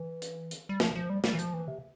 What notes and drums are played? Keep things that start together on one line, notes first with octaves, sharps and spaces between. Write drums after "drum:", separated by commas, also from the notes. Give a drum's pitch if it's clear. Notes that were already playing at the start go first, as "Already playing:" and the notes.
Already playing: E3
drum: hi-hat
drum: hi-hat
G3
F3, drum: snare
F3
G3
G3, drum: snare
E3
F3, drum: hi-hat
E3
C3